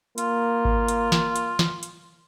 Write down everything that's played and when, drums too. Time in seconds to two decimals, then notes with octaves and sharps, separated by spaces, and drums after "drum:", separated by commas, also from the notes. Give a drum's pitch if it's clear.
0.18 A#3 F4, drum: hi-hat
0.65 drum: kick G#1
0.88 drum: hi-hat
1.12 drum: snare
1.36 drum: hi-hat
1.59 drum: snare
1.83 drum: hi-hat